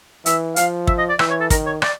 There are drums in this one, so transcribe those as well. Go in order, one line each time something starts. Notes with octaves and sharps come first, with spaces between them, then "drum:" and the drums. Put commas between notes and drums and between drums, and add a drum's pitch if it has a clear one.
E3 E5, drum: hi-hat
F3 F5, drum: hi-hat
E5, drum: kick
D#5
D5
E3 E5, drum: rim click
C#5
A4
D#3 A#4, drum: kick, hi-hat
C#5
D5, drum: rim click